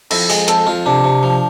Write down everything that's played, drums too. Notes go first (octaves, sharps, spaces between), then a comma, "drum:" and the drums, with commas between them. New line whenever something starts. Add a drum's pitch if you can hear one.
F2 E4, drum: cymbal
G#3 G#4, drum: open hi-hat
F2 A4, drum: hi-hat
F2 F4
C3 D4
C3
F3